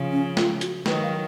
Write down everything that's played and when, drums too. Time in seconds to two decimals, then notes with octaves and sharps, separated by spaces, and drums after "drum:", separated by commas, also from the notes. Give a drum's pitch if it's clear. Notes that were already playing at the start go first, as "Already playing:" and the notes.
Already playing: C#3 F3
0.12 C#4
0.37 F4, drum: snare
0.61 F#4, drum: hi-hat
0.86 D#3 F#3 B4, drum: snare
1.03 F5